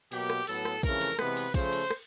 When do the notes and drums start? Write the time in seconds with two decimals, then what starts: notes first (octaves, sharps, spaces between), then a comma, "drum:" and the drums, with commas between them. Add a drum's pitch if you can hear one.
0.12 B2 F#3 A#3 G4, drum: cymbal
0.30 drum: rim click
0.47 A2 F#3 B3 A4, drum: cymbal
0.65 drum: rim click
0.83 F2 C#3 E3 A3 A#4, drum: kick, cymbal
1.01 drum: cymbal
1.19 C3 E3 G#3 B3 B4, drum: rim click
1.37 drum: cymbal
1.54 C#3 F3 A3 C5, drum: kick, cymbal
1.73 drum: cymbal
1.90 drum: rim click